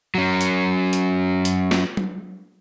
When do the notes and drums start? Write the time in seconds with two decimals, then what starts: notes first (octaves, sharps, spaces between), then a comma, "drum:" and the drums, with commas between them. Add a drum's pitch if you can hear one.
0.15 F#3 C#4
0.41 drum: hi-hat
0.93 drum: hi-hat
1.45 drum: hi-hat
1.71 drum: snare
1.97 drum: tom F#3